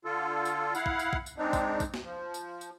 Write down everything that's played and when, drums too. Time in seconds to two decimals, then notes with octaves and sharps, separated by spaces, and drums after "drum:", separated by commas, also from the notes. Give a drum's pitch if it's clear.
0.05 D3 F4 A4
0.45 drum: tambourine
0.75 E4 F5 F#5, drum: tambourine
0.86 drum: kick
0.99 drum: tambourine
1.13 drum: kick
1.26 drum: tambourine
1.38 G#3 C4 D4 D#4
1.53 drum: kick, tambourine
1.80 drum: kick, tambourine
1.94 drum: snare
2.04 F3
2.34 drum: tambourine
2.61 drum: tambourine